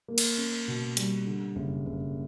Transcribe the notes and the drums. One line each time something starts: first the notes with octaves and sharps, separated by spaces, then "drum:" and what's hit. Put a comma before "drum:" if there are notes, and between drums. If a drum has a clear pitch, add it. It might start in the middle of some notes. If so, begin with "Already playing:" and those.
A#3
drum: cymbal
C#4
B2
G3, drum: hi-hat
D3
F#1
F#1